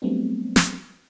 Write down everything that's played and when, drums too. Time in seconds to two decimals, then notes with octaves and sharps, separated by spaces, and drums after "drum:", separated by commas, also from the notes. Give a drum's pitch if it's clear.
0.02 F#3 G3 A3 B3 C4 D4
0.56 drum: snare